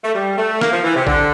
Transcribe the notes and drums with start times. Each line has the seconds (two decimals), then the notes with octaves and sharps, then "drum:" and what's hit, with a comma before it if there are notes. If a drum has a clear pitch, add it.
0.04 A3
0.15 G3
0.38 A3
0.61 A#3, drum: snare
0.73 F3
0.84 E3
0.95 C3
1.07 D3, drum: kick